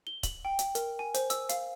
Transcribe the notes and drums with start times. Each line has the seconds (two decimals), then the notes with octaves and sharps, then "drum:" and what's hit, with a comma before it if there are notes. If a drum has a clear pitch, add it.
0.07 G7
0.23 F#7, drum: kick C#1, hi-hat
0.45 G5
0.59 drum: hi-hat
0.75 A#4, drum: hi-hat
0.99 G#5
1.14 C5, drum: hi-hat
1.30 E6, drum: hi-hat
1.49 F5, drum: hi-hat